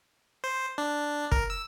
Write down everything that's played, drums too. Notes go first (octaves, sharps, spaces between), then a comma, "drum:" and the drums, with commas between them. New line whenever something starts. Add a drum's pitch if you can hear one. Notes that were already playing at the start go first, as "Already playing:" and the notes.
C5
D4
A#4, drum: kick
E6